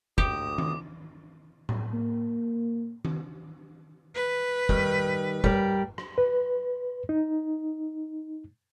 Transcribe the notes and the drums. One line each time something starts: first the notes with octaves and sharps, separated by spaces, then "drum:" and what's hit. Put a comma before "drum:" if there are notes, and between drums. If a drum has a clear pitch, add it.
D2 G4 D6 D#6, drum: kick
drum: tom D#3
drum: tom A2
A#3
drum: tom D#3
B4
D#3 G3, drum: kick
G3 A#4 D5, drum: kick
drum: rim click
B4
D#4